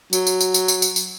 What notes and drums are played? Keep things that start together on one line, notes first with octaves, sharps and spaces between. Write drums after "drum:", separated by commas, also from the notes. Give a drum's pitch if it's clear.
F#3, drum: tambourine
drum: tambourine
drum: tambourine
drum: tambourine
drum: tambourine
drum: tambourine
drum: tambourine